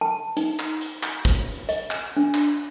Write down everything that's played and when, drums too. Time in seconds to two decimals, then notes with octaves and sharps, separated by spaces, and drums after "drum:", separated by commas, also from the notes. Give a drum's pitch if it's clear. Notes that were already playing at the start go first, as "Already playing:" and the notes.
0.01 A5
0.37 D#4, drum: hi-hat
0.59 drum: clap
0.81 drum: hi-hat
1.03 drum: clap
1.25 drum: kick, hi-hat
1.47 drum: open hi-hat
1.69 D#5, drum: hi-hat
1.91 drum: clap
2.17 D4
2.34 drum: clap